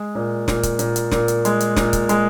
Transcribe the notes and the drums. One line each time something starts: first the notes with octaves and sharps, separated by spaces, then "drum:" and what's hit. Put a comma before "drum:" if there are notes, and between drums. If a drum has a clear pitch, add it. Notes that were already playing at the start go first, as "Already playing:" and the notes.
Already playing: G#3
A#2
A#2, drum: snare
drum: kick C#1, hi-hat
A#2, drum: hi-hat
drum: hi-hat
A#2, drum: snare
drum: hi-hat
G#3, drum: hi-hat
drum: hi-hat
A#2, drum: snare
drum: kick C#1, hi-hat
G#3, drum: hi-hat